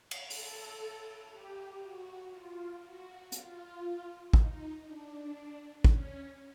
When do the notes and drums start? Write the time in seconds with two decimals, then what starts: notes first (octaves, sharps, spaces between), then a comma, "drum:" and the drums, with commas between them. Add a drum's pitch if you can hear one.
0.11 drum: cymbal
0.30 A4, drum: open hi-hat
1.31 G4
1.82 F#4
2.31 F4
2.82 F#4
3.32 F4, drum: hi-hat
4.33 D#4, drum: kick
4.84 D4
5.84 C#4, drum: kick